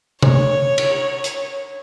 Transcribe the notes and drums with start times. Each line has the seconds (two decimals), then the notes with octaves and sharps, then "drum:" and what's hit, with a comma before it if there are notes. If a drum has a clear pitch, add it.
0.22 C#5, drum: tom C3
0.78 drum: cymbal
1.24 drum: hi-hat